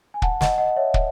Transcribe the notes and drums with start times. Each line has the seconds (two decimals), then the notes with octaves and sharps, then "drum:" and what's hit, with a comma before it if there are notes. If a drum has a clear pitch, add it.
0.14 G#5
0.22 F#5 A5, drum: kick
0.41 D#5 F#5, drum: snare
0.58 D#5 F#5
0.76 C#5 E5
0.94 drum: kick